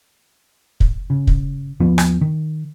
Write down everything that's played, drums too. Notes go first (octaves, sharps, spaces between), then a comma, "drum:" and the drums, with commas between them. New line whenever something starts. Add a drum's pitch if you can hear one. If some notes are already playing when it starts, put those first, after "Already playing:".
drum: kick
C#3
drum: kick
D#2 F3 B3
drum: rim click
D#3